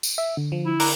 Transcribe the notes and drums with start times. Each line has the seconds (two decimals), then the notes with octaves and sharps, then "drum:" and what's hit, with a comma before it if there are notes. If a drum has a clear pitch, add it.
0.03 drum: tambourine
0.18 E5
0.37 D3
0.52 F3
0.66 E4
0.80 A#4 D6 F#6, drum: open hi-hat